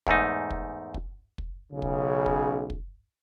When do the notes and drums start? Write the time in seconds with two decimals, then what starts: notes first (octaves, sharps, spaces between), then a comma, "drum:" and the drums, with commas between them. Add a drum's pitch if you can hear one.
0.07 E2 G#2 A3 D#4, drum: kick
0.50 drum: kick
0.94 drum: kick
1.38 drum: kick
1.73 B1 C#3
1.82 drum: kick
2.26 drum: kick
2.70 drum: kick